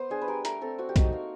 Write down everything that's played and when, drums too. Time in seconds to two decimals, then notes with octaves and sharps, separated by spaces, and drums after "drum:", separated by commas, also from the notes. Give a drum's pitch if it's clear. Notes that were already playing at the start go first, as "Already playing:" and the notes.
Already playing: B3 C5
0.10 D4 G#4
0.21 B4
0.28 G3 A#4
0.45 A3 A#4, drum: hi-hat
0.61 C4 A4
0.78 C4 F#4
0.89 G4
0.96 D#4 F#4, drum: kick B1, hi-hat
1.12 A#3